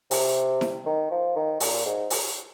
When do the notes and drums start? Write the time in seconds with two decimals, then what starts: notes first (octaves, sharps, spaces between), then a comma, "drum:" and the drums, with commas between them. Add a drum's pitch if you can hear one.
0.11 C3, drum: open hi-hat
0.61 drum: snare E4
0.86 D#3
1.11 F3
1.36 D#3
1.60 A#2, drum: open hi-hat
1.85 G#2
2.10 drum: open hi-hat